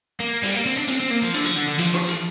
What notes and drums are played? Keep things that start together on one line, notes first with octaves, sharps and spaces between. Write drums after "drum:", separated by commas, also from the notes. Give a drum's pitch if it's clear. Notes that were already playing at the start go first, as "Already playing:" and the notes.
A#3
G3, drum: hi-hat
A#3
C4
D4
C4, drum: hi-hat
C4
A#3
F3
D3, drum: hi-hat
F3
D3
D3
F3, drum: hi-hat
drum: rim click
drum: hi-hat